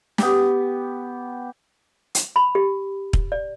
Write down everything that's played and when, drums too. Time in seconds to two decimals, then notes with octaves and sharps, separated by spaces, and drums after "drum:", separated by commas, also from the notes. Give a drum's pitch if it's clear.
0.18 B3 G4, drum: snare
2.15 drum: hi-hat
2.36 B5
2.55 G4
3.13 drum: kick
3.32 D5